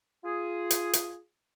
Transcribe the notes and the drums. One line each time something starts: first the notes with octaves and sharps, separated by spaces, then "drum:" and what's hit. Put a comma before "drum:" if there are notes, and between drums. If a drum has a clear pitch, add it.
F4 G#4
drum: hi-hat
drum: hi-hat